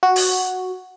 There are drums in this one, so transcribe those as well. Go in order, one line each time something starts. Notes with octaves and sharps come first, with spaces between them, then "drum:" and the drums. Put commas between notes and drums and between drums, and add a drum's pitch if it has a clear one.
F#4
drum: open hi-hat